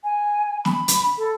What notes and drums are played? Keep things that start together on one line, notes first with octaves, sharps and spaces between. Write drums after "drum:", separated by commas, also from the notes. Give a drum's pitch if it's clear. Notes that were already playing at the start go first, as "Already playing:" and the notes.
G#5
B5, drum: snare
drum: hi-hat
A4